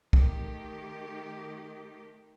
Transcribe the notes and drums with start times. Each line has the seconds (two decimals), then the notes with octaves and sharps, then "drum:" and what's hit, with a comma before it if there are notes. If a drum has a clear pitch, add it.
0.13 D#3 A3 G4, drum: kick